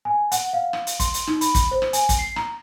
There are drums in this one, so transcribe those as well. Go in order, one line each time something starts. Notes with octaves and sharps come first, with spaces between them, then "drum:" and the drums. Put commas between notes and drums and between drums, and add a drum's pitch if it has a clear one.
G#5
F#5, drum: hi-hat
F5
drum: rim click
drum: hi-hat
C6, drum: kick, hi-hat
drum: hi-hat
D#4, drum: rim click
B5, drum: hi-hat
drum: kick, hi-hat
C5
drum: rim click
G#5, drum: hi-hat
drum: kick, hi-hat
C7
A#5, drum: rim click